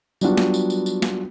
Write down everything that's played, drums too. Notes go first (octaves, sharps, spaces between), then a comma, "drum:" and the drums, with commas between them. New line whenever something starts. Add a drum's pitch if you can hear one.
F#3 G3 B3 D4 F4 F#4, drum: tambourine
drum: snare
drum: tambourine
drum: tambourine
drum: tambourine
drum: snare